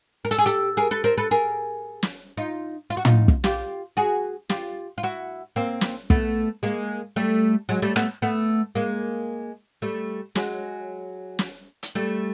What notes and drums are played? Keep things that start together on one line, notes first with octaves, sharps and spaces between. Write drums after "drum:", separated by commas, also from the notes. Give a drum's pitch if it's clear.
A#4
A4, drum: hi-hat
G#4
G4 A4, drum: hi-hat
G#4 A#4
A4 B4
A#4 C5
A4 B4
G#4 A#4
drum: snare
D#4 F4
F4
F#4
D#4 F4, drum: tom
drum: kick
F4 G4, drum: snare
F#4 G#4
F4 G4, drum: snare
F4
E4 F#4
A#3 C4
drum: snare
A3 B3, drum: kick
G#3 A#3
G3 A3
F#3 G#3
G3 A3
A3 B3, drum: rim click
A3 B3
G#3 A#3
G3 A3
F#3 G#3, drum: snare
drum: snare
drum: hi-hat
G3 A3